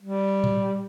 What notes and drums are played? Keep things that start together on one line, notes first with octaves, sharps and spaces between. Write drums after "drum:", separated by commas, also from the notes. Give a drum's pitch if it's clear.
G3
drum: tom A2